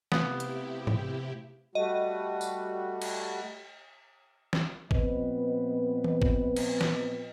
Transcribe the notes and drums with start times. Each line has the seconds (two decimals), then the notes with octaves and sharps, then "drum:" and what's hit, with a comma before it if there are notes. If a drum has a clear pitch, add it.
0.12 C3 A3 B3 E4 G4 F5, drum: snare
0.40 drum: hi-hat
0.87 drum: tom G#2
1.75 G3 A3 F#4 D#5
2.41 drum: tambourine
3.02 drum: cymbal
4.53 drum: snare
4.91 A#2 F3 B3 C4 B4 D#5, drum: kick
6.04 drum: tom
6.22 drum: kick
6.56 drum: cymbal
6.81 drum: snare